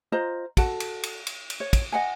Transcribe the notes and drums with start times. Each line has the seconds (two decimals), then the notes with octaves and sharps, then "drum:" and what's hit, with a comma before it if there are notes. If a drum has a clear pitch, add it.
0.12 F4 C5 D#5 A#5
0.57 F#4 A4 F#5, drum: kick, cymbal
0.80 drum: cymbal
1.03 drum: cymbal
1.27 drum: cymbal
1.50 drum: cymbal
1.60 C#5
1.73 drum: kick, cymbal
1.92 D#5 F#5 G#5